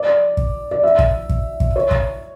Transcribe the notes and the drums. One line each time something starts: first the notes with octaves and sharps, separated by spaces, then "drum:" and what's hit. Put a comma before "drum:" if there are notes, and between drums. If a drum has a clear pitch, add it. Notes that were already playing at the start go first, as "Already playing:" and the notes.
Already playing: D5
drum: kick
D5
E5
drum: kick
drum: kick
drum: kick
C#5
drum: kick